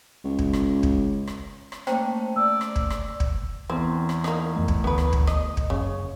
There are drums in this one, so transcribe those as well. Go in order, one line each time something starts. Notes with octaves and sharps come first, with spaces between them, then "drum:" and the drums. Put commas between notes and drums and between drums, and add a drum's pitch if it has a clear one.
C#2
drum: kick
drum: rim click
drum: kick
drum: rim click
drum: rim click
A3 A#3 C#4 C5 G5 A#5, drum: rim click
D5 E6
drum: rim click
drum: kick
drum: rim click
drum: kick
E2 C4
drum: rim click
A#3 D#4, drum: rim click
F2 A3
drum: kick
D2 B3 B4
drum: rim click
drum: kick
D#5, drum: rim click
drum: kick
F#1 C#3 C#5